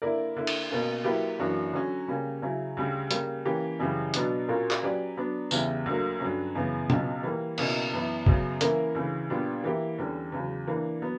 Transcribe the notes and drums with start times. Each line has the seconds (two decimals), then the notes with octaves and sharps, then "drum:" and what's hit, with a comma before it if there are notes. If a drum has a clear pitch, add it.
0.02 D3 A#3 E4 A#4 D5
0.37 D3 A#3 E4
0.47 drum: cymbal
0.70 B2 A#3 C#4
1.04 F#3 A#3 E4 G4 B4
1.39 F#2 E3 A#3 D4 F#4
1.73 D3 F#3 C#4 F#4
2.08 C#3 G3 A#3 C#4
2.42 C#3 F#3 C#4 E4
2.77 D2 C#3 G3
3.11 C#3 G3 A#3, drum: hi-hat
3.45 E3 A#3 C#4 G4
3.79 F#2 C#3 E3 G3
4.14 B2 F#3 B3 D4, drum: hi-hat
4.48 A#2 A#3 C#4 F#4 A#4
4.71 drum: clap
4.83 F#3 C#4 G4 B4 D5
5.17 F#3 B3 D4
5.51 E2 C#3 G3 B3 E4, drum: tambourine
5.86 D2 D3 F#3 A#3
6.20 G2 D3 F#3 C#4
6.55 F#2 C#3 E3 B3
6.90 C#2 B2 F#3 C#4, drum: tom
7.23 E3 G3 A#3
7.58 C#2 B2 A#3 C#4 E4, drum: cymbal
7.92 F#2 E3 B3 E4
8.26 F#2 C#3 F#3 B3, drum: kick
8.61 E3 A#3 C#4 E4 A#4, drum: hi-hat
8.95 D2 C#3 E3
9.30 A#2 G3 B3 D4
9.64 E3 A#3 E4 G4
9.98 E2 D3 G3 C#4
10.32 E2 C#3 F#3
10.67 E3 A#3 D4
11.02 F#3 B3